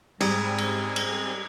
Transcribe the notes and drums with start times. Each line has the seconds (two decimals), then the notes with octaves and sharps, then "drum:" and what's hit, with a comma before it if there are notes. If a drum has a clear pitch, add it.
0.21 G#2 G3 C4 G#4 A#5 D#6 G#6, drum: cymbal
0.58 drum: cymbal
0.96 drum: cymbal